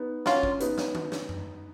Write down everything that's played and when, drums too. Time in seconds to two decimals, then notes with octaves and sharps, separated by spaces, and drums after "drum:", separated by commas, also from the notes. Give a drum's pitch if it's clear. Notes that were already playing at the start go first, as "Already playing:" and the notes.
Already playing: B3 D#4
0.26 F#3 A#3 C#4 F4, drum: snare
0.43 drum: kick
0.60 B3 D#4, drum: hi-hat
0.78 drum: snare
0.95 drum: tom D#3
1.12 drum: snare
1.29 drum: tom F#2